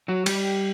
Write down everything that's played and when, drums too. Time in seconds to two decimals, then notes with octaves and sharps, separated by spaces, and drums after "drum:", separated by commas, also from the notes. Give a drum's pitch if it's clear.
0.08 F#3 F#4
0.26 G3 G4, drum: cymbal